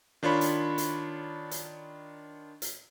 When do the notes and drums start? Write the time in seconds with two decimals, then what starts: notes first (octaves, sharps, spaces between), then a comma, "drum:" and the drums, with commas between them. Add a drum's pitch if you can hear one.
0.23 D#3 D4 F4 C#5 B5
0.41 drum: hi-hat
0.78 drum: hi-hat
1.51 drum: hi-hat
2.62 drum: hi-hat